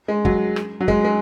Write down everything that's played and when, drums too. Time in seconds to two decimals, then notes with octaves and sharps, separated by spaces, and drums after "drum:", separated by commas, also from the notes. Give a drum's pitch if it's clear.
0.08 G#3
0.25 F#3, drum: kick
0.56 drum: rim click
0.80 F#3
0.88 G#3, drum: kick
1.05 G#3